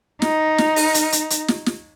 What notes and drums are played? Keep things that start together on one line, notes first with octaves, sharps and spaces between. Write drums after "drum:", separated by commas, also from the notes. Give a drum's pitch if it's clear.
D#4, drum: snare
drum: snare
drum: open hi-hat
drum: hi-hat
drum: hi-hat
drum: hi-hat
drum: snare
drum: snare